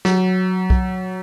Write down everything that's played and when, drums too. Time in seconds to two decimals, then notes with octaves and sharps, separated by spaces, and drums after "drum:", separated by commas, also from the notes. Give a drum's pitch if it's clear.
0.05 F#3, drum: snare
0.70 drum: kick B1